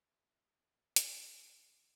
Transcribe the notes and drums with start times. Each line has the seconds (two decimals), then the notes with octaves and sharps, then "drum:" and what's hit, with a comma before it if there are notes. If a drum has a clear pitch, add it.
0.05 A3 E5
0.18 B3
0.29 D4
0.40 B3
0.51 B3
0.96 drum: hi-hat
1.42 C4
1.65 B3
1.76 C4